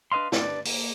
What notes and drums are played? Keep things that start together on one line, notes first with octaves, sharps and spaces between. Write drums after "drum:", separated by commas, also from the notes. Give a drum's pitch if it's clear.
D4 B4 D#5 F5 C6
D4 G4 B4 D5, drum: snare
A#3, drum: open hi-hat